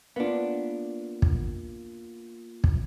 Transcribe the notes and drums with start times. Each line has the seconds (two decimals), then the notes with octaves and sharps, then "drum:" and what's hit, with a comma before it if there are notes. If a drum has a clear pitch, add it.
0.16 A#3 B3 D4 F4
1.22 drum: kick
2.64 drum: kick